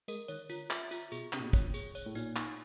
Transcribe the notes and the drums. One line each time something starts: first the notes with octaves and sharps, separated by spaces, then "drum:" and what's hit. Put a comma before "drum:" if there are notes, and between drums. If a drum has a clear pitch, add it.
G#3 A#4, drum: tambourine
D#3 C#5, drum: tambourine
D3 F4, drum: tambourine
E5, drum: clap
F4, drum: tambourine
B2 G#4, drum: tambourine
C3 D4, drum: clap
A#2
B2
C#5, drum: kick, tambourine
A#2
G#4, drum: tambourine
C#5, drum: tambourine
A2
A#2 D#4, drum: tambourine
D#4, drum: clap